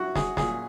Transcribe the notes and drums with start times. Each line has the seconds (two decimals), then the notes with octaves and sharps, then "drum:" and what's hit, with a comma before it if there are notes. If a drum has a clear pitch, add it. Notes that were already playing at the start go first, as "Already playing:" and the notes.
Already playing: E4 F#4
0.15 G#4, drum: snare
0.37 A#2 G#4, drum: snare